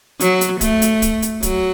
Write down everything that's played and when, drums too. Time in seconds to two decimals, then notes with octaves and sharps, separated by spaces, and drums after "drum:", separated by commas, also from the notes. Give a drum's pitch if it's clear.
0.20 F#3, drum: hi-hat
0.41 drum: hi-hat
0.61 A3, drum: kick, hi-hat
0.82 drum: hi-hat
1.02 drum: kick, hi-hat
1.22 drum: hi-hat
1.43 F#3, drum: kick, hi-hat